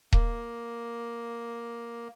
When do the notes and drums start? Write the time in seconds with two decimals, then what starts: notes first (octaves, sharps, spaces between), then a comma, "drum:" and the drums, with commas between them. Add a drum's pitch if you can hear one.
0.13 A#3, drum: kick D#1